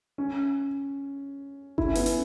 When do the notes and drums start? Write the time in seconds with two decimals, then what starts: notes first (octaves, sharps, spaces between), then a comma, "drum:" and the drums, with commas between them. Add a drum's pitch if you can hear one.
0.18 C#4
1.78 E4, drum: kick G1
1.87 C#4
1.95 B3, drum: hi-hat
2.06 C#4, drum: hi-hat